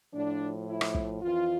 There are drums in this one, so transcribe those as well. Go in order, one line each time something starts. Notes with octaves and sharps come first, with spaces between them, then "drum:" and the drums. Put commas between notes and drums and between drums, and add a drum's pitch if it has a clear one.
A2 F3 D4
E4
drum: rim click
drum: kick
F2 E3 F4